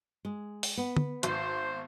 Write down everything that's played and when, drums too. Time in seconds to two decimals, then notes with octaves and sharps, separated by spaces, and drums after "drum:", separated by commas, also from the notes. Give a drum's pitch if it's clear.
0.25 G#3
0.63 drum: open hi-hat
0.77 B3
0.97 drum: tom D3
1.23 G#1 C5, drum: hi-hat